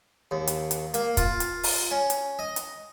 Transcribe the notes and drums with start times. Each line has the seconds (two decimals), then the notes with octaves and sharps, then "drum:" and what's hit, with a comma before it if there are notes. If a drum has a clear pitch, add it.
0.31 D#2
0.47 drum: hi-hat
0.71 drum: hi-hat
0.94 A#3, drum: hi-hat
1.17 F4, drum: kick, hi-hat
1.40 drum: hi-hat
1.63 drum: open hi-hat
1.91 C#4
2.10 drum: hi-hat
2.39 D#5
2.56 drum: hi-hat